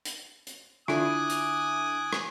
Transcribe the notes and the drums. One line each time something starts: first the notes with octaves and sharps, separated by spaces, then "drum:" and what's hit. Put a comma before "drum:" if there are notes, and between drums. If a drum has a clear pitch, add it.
drum: hi-hat
drum: hi-hat
D3 E4 F4 G#5 D6 D#6 F#6, drum: rim click
drum: hi-hat
drum: rim click